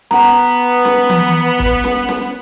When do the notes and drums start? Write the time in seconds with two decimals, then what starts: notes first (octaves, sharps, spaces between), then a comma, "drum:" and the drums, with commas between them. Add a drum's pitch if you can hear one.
0.11 B3 F#5 A#5, drum: snare
0.85 drum: snare
1.10 drum: tom E3
1.59 drum: kick
1.84 drum: snare
2.09 drum: snare